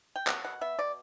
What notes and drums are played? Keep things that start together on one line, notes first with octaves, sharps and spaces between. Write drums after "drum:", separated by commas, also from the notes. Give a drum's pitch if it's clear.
G5
F#3 F#5, drum: clap
B2 F#5
B3 E5
B2 D5